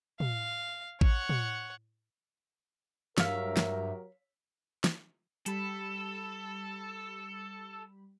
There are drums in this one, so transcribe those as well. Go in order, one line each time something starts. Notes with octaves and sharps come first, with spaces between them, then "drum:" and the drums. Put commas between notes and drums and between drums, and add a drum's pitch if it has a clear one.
F5, drum: tom
C#5 F#5, drum: kick A1
drum: tom
G2 F#3 G4 A#4 C#5 E5 F5, drum: snare
drum: snare
drum: snare
G3 G4 A4 B5, drum: hi-hat